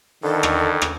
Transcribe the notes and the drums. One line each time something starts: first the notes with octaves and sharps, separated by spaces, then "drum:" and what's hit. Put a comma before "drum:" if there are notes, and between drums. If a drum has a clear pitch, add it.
F2 D3 D#3 A4
drum: rim click
drum: rim click